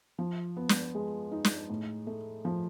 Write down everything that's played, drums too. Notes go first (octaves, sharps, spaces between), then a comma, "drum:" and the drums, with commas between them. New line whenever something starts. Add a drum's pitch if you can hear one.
F3
B3
drum: snare
G#3
D#4
drum: snare
A2
A3
F3